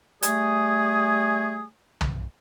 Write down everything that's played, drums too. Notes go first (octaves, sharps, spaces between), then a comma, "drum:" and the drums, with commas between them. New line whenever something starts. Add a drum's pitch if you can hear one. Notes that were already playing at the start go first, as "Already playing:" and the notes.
G3 A3 G#4 G#5 D#6, drum: hi-hat
drum: tom